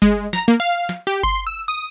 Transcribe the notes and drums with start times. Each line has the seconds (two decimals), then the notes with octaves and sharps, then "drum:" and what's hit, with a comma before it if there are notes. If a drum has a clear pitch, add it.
0.02 G#3, drum: kick G1
0.33 A#5, drum: snare
0.48 A#3
0.60 F5
0.89 drum: snare
1.07 G4
1.23 C6, drum: kick G1
1.47 E6
1.68 D#6